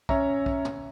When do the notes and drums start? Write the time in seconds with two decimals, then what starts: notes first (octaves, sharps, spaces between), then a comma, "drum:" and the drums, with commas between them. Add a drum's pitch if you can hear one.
0.09 C#4 C#5 E5 A#5, drum: kick
0.46 drum: kick
0.65 drum: tom